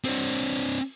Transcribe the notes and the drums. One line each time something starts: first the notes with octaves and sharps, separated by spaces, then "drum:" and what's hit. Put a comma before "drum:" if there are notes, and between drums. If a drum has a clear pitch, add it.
C4 D4, drum: open hi-hat